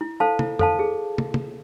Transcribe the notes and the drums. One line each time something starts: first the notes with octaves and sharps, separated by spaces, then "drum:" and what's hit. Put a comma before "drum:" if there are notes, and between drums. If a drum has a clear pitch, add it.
E4
A4 C5 F5 A5
E4, drum: tom
A4 C5 F5 A5, drum: tom
G#4
drum: tom
drum: tom